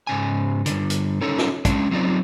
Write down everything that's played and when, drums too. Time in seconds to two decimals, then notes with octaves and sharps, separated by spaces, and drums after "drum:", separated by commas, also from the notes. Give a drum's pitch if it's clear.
0.07 G#2 C#3 G#5
0.66 G2 D3, drum: hi-hat
0.90 drum: hi-hat
1.21 C#4 D#4 A4 C#5
1.38 drum: snare
1.65 G#3 C#4 D4, drum: kick, hi-hat
1.91 F#3 C4 D#4 F4 D5